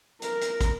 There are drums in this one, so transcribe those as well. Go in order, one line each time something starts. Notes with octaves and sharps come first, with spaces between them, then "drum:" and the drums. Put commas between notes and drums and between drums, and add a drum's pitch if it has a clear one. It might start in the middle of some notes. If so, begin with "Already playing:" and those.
A#4, drum: hi-hat
drum: hi-hat
drum: kick, hi-hat